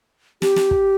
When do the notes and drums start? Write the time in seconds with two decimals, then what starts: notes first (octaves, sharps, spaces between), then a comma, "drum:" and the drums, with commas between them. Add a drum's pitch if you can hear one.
0.42 G4, drum: snare
0.56 drum: snare
0.71 drum: kick